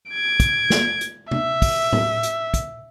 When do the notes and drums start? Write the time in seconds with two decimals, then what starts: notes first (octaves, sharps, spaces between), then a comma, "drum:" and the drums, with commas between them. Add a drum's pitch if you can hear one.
0.11 G#6 D7
0.40 drum: kick, hi-hat
0.70 drum: snare
1.01 drum: hi-hat
1.31 E5, drum: tom C3
1.62 drum: kick, open hi-hat
1.93 drum: tom A2
2.23 drum: hi-hat
2.54 drum: kick, hi-hat